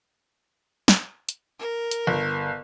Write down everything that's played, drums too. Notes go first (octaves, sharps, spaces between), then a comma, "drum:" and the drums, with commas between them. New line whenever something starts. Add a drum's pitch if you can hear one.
drum: snare
drum: hi-hat
A#4
drum: hi-hat
G1